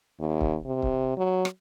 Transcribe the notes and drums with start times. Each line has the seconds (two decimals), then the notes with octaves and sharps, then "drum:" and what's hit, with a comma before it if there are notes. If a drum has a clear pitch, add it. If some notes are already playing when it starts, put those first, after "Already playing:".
0.20 D#2
0.41 drum: kick C#1
0.66 C3
0.82 drum: kick C#1
1.17 F#3
1.45 drum: rim click